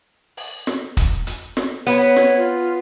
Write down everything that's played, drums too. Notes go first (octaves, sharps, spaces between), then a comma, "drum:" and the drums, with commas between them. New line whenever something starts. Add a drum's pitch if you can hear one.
drum: open hi-hat
drum: snare
drum: kick, hi-hat
drum: hi-hat
drum: snare
B3 C#5, drum: hi-hat
drum: snare
F4